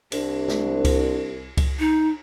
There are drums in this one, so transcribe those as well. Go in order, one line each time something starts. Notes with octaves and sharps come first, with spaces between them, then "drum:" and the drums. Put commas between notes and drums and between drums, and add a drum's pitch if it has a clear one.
C2 D4, drum: cymbal
drum: snare
drum: kick C#2, cymbal
drum: kick C#2, cymbal
D#4